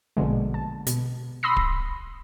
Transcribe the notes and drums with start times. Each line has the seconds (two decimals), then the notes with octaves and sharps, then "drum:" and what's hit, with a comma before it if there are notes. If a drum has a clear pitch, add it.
0.17 A#1 B2 D3 G#3
0.54 A5
0.87 B2, drum: hi-hat
1.43 B5 C6 D#6 E6 A#6 C7
1.57 drum: kick D1